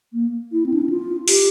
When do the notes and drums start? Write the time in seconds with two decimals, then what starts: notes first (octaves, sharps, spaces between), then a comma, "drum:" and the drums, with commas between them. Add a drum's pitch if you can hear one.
0.13 A#3
0.52 E4
0.66 C4
0.74 D4
0.82 E4
0.90 F4
1.28 G4, drum: open hi-hat